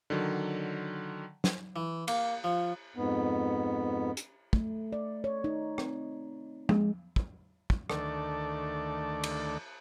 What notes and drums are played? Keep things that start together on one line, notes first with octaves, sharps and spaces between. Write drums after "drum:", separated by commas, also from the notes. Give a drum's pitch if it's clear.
D3 D#3 F#3
drum: snare
E3
A#3, drum: cymbal
F3
F2 G#2 B3
drum: hi-hat
A3, drum: kick
D5
C#5
D#4
C4, drum: rim click
G#3, drum: tom
drum: kick
drum: kick
D2 D#3 A3 D4 A4 D5, drum: rim click
drum: cymbal